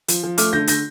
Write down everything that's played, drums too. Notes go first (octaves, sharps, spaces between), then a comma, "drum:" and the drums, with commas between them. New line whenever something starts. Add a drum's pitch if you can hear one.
F3, drum: hi-hat
F3
A3 D6 F6, drum: hi-hat
D3 G6 A#6
D3 G6 A#6, drum: hi-hat